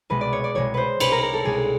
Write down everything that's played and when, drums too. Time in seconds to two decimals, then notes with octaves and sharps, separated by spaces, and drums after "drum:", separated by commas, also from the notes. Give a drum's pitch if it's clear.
0.10 C2 B2 G#3 B4
0.21 D5
0.33 C#5
0.44 D5
0.55 C2 B2 G#3 C#5
0.74 B4 C5
1.00 C2 B2 G#3 B4, drum: cymbal
1.12 A#4
1.22 A#4
1.34 A4
1.45 C2 B2 G#3 G#4